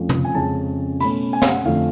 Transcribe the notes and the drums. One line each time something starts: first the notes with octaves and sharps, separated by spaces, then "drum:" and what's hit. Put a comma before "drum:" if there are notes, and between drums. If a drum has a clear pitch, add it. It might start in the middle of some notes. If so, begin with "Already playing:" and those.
Already playing: F2 F3 A3 C#4
drum: tom
G#5
F2 C#3 G#3 C#4 A5
B2 A3 C#4 B5, drum: open hi-hat
G#5
F5, drum: snare
F#5
F2 D3 F3 A3 F5